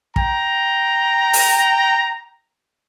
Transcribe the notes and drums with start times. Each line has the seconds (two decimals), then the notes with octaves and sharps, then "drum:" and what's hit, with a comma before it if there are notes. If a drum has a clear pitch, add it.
0.16 G5 A#5, drum: kick
1.33 drum: open hi-hat